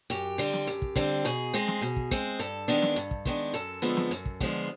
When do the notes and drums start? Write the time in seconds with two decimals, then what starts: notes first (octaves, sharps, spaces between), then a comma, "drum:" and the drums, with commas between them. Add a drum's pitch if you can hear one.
0.10 F#2 G4, drum: hi-hat
0.38 D3 G3 C4, drum: hi-hat
0.53 drum: snare
0.67 F#2, drum: hi-hat
0.82 drum: kick
0.96 D3 G3 C4, drum: kick, hi-hat
1.25 B2 G#4, drum: hi-hat
1.53 G#3 C4, drum: hi-hat
1.68 drum: snare
1.81 B2, drum: hi-hat
1.96 drum: kick
2.11 G#3 C4, drum: kick, hi-hat
2.39 G2 A4, drum: hi-hat
2.68 D#3 G#3 B3 D4, drum: hi-hat
2.82 drum: snare
2.96 G2, drum: hi-hat
3.11 drum: kick
3.25 D#3 G#3 B3 D4, drum: kick
3.54 F#2 A4, drum: hi-hat
3.82 D3 F3 G#3 B3, drum: hi-hat
3.97 drum: snare
4.11 F#2, drum: hi-hat
4.26 drum: kick
4.40 D3 F3 G#3 B3, drum: kick